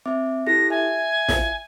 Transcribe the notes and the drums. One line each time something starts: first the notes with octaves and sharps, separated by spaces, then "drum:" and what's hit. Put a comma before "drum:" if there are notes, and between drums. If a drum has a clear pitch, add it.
C4 E5 D6
E4 G4 A4 A#6
E5 G#5
drum: snare